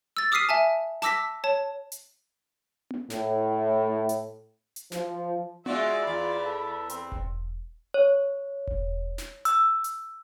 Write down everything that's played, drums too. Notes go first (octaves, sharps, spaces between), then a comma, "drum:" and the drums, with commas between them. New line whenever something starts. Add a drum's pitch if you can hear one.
E6 A6
D6 D#6 F6 B6 C7 D#7
E5 G#5 A5
A5 D6 E6 A#6 B6, drum: snare
C#5 A5
drum: hi-hat
drum: tom B3
A2, drum: snare
drum: hi-hat
drum: hi-hat
F3, drum: snare
G#3 F4 F#4 D5 E5, drum: tom B3
E2 F4 B5
A4
C4, drum: hi-hat
drum: kick E1
C#5
drum: kick E1
drum: snare
E6, drum: hi-hat
drum: hi-hat